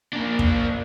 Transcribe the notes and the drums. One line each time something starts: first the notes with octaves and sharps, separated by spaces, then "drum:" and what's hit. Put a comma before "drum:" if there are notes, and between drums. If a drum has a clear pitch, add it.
A#3 D4
drum: kick